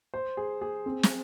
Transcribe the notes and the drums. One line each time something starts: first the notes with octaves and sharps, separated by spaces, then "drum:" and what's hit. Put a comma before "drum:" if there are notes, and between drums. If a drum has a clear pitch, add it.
C5
G#4
G#4
C4
drum: snare